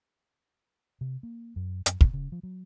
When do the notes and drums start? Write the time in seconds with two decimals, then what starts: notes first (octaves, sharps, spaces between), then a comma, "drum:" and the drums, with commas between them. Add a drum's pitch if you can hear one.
1.01 C3
1.23 A#3
1.56 F#2
1.86 F#2, drum: hi-hat
2.01 B2, drum: kick
2.14 C#3
2.32 F3
2.43 F#3